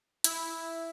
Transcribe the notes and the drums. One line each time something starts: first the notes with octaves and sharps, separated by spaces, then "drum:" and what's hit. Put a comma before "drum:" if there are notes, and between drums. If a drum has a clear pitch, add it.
E4, drum: hi-hat